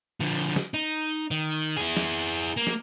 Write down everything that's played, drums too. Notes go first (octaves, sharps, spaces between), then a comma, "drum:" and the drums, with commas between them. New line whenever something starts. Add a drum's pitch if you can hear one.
D3 F3
drum: snare
D#4
D#3
E4 G#4
drum: snare
A#3
drum: snare